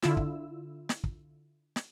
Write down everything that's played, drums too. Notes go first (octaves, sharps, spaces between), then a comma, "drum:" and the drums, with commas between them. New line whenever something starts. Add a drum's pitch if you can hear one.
D3 E4 F4 E6, drum: snare
drum: kick
drum: snare
drum: kick
drum: snare